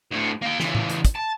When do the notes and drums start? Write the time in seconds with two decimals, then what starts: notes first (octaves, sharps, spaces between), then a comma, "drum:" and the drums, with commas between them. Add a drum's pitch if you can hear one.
0.11 D2 A2
0.42 A#3 G5
0.60 C#3 E3, drum: snare
0.75 drum: tom A2
0.90 drum: hi-hat
1.05 drum: kick, hi-hat
1.15 A5